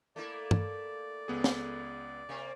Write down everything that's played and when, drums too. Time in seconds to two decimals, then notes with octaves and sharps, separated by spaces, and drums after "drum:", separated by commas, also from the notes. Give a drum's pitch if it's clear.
0.16 A3 A#3 E4 D5
0.51 drum: tom
1.28 C#2 B3 G#4
1.44 drum: snare
2.29 C3 A#3